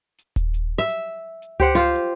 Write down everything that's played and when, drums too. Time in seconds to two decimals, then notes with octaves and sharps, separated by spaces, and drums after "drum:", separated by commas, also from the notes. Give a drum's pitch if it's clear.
0.18 drum: hi-hat
0.36 drum: kick D#1, hi-hat
0.54 drum: hi-hat
0.78 E5
0.89 drum: hi-hat
1.42 drum: hi-hat
1.60 G4 C5 F#5, drum: tom C#2
1.75 F4 C5, drum: hi-hat
1.95 drum: hi-hat